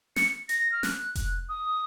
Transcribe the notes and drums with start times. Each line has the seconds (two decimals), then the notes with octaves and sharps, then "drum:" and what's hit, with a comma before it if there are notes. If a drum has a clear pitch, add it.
0.16 C#7, drum: snare
0.49 A#6, drum: hi-hat
0.72 F6
0.83 F#6, drum: snare
1.15 drum: kick F1, hi-hat
1.49 D#6